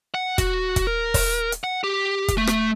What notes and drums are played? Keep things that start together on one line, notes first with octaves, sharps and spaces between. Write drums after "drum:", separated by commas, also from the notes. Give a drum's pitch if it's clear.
F#5
F#4, drum: kick, hi-hat
drum: kick, hi-hat
A#4
drum: kick, open hi-hat
drum: hi-hat
F#5
G4
drum: kick, hi-hat
A3
drum: rim click